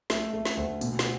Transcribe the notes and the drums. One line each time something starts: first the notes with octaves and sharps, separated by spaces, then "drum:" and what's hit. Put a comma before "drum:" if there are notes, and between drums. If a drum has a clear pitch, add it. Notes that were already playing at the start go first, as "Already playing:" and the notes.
A3, drum: snare
A3
drum: snare
D2
B2, drum: hi-hat
drum: snare